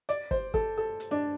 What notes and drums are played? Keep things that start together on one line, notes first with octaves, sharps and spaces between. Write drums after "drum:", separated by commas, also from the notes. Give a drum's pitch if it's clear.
D5, drum: hi-hat
C5, drum: kick
A4, drum: kick
A4
drum: hi-hat
D4